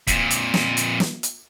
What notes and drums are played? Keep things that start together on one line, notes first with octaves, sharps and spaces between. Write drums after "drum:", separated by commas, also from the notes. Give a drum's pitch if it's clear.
F2 A#2, drum: kick C#1, hi-hat
drum: hi-hat
drum: snare
drum: hi-hat
drum: snare
drum: hi-hat